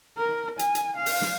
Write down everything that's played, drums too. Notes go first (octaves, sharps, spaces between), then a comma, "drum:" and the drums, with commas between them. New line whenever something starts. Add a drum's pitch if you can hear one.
A#4
G#5, drum: hi-hat
drum: hi-hat
F5
drum: open hi-hat
drum: snare